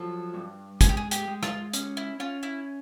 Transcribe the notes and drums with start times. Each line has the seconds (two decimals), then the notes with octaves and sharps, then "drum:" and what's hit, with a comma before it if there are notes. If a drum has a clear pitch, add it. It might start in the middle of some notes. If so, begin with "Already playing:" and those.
Already playing: F3 F#3 A4
0.34 G2
0.81 G#3 G#4, drum: kick, hi-hat
0.89 G4
0.97 G#4
1.11 G4, drum: hi-hat
1.28 G#3
1.43 F4, drum: rim click
1.73 C#4, drum: hi-hat
1.97 E4
2.20 C#4 F4
2.43 E4